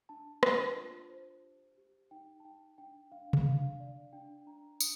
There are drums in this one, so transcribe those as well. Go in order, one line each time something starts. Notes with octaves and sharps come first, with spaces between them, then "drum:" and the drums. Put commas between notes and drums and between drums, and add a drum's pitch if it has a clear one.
D4 A5
D4 A5, drum: rim click
F4
C5
G4
G4
D#4 G5
A5
D#4 G5
D4 G5
D4 F5
drum: tom C3
D4 F5
D5
D4 G5
D4 A#5
D4 D#6, drum: tambourine